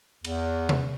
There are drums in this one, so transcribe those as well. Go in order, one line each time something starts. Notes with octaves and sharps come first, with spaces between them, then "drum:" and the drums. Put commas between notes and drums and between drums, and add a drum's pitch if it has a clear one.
E2, drum: cymbal
drum: tom C3